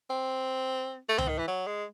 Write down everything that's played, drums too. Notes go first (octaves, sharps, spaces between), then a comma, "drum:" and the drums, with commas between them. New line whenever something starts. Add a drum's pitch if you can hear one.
C4
A3
C4, drum: tom C#2
D#3
E3
F#3
G#3